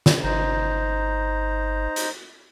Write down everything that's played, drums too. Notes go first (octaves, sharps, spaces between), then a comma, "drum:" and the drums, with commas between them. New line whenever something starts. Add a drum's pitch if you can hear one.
drum: snare
G1 D#4 C5 A#5
drum: hi-hat